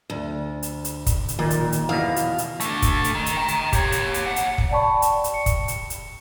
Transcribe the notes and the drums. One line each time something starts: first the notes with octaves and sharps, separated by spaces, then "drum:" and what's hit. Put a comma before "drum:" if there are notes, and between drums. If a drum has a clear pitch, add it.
D2
drum: hi-hat
drum: hi-hat
drum: kick, hi-hat
drum: hi-hat
A#2 D#3
drum: hi-hat
drum: hi-hat
E2 B2 F5
drum: hi-hat
drum: hi-hat
A3 D4, drum: hi-hat
drum: kick, hi-hat
drum: hi-hat
D#3
drum: hi-hat
G5 A#5
drum: hi-hat
G4 C#5, drum: kick, hi-hat
drum: hi-hat
drum: hi-hat
D#2 F#5
drum: hi-hat
drum: kick
D5 G5 A5 B5 C#6
drum: hi-hat
drum: hi-hat
C#7
drum: kick, hi-hat
drum: hi-hat
drum: hi-hat